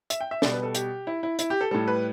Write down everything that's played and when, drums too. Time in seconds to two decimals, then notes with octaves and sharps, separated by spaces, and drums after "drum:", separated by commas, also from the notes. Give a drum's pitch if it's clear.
0.10 E5, drum: hi-hat
0.21 G5
0.31 E5
0.42 B2 G3 D5, drum: snare
0.53 B4
0.63 A4
0.75 G4, drum: hi-hat
1.07 E4
1.23 E4
1.39 E4, drum: hi-hat
1.50 G4
1.61 A4
1.71 A2 G3 A4
1.88 B4